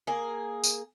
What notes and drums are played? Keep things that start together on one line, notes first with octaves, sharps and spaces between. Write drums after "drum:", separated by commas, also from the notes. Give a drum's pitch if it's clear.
A#3 G#4
drum: tambourine